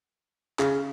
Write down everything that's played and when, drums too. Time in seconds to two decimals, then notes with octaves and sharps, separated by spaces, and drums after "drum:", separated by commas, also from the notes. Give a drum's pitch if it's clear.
0.59 C#3, drum: clap